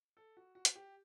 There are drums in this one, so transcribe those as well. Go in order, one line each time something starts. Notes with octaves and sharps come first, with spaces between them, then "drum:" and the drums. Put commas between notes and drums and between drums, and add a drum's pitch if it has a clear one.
A4
F#4
F#4
drum: hi-hat
G4